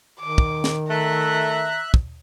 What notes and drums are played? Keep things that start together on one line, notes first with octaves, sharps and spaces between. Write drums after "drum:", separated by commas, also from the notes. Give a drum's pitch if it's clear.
D#3 D6
drum: kick
drum: snare
A3 E5 A#5 F#6
drum: kick